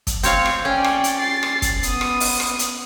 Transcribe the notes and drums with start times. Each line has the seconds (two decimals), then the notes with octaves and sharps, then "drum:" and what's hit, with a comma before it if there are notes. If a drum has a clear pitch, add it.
0.07 drum: kick, hi-hat
0.23 C4 C#5 F5, drum: hi-hat
0.46 drum: rim click
0.65 C#4 D5 G5
0.84 drum: rim click
1.04 drum: hi-hat
1.19 A6 C7
1.43 drum: rim click
1.62 drum: kick, hi-hat
1.83 B3 D#6, drum: hi-hat
2.01 drum: rim click
2.20 drum: open hi-hat
2.40 drum: rim click
2.59 drum: hi-hat